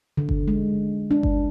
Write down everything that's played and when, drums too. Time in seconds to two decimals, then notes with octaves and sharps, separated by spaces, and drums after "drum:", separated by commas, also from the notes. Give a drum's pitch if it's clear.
0.17 D3
0.29 drum: kick G1
0.48 G#3
1.11 D4
1.23 drum: kick G1